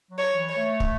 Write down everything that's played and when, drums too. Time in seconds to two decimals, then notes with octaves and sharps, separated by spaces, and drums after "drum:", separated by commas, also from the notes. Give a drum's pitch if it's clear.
0.11 F#3
0.18 C#5
0.34 E3
0.49 C#5
0.56 A3
0.80 drum: kick